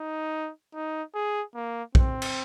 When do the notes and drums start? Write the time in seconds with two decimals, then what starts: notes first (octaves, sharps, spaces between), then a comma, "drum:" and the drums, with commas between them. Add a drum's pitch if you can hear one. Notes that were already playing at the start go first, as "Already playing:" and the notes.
Already playing: D#4
0.74 D#4
1.15 G#4
1.55 A#3
1.95 C4, drum: kick
2.22 drum: cymbal